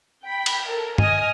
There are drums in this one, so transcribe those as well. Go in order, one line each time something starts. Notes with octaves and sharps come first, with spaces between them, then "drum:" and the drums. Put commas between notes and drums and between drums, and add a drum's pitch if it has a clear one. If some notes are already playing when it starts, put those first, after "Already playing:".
G5 B5
drum: cymbal
A4 A#4
D#5 G#5 D#6 F6, drum: tom G2